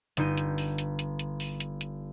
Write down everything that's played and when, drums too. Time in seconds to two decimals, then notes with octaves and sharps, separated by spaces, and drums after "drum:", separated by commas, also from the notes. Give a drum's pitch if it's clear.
0.17 G1 D#4 G6 D#7, drum: hi-hat
0.38 drum: hi-hat
0.58 drum: open hi-hat
0.78 drum: hi-hat
0.99 drum: hi-hat
1.19 drum: hi-hat
1.40 drum: open hi-hat
1.60 drum: hi-hat
1.81 drum: hi-hat